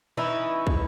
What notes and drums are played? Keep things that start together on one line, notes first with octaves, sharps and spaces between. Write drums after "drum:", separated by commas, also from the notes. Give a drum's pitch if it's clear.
E3 C#4 D#4 E4
drum: kick